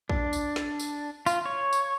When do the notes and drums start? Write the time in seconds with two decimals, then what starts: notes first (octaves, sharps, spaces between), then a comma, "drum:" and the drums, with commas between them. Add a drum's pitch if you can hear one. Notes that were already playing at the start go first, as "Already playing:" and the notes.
0.09 D4, drum: kick
0.33 drum: tambourine
0.56 drum: snare
0.79 drum: tambourine
1.26 F4, drum: tambourine
1.46 C#5
1.73 drum: tambourine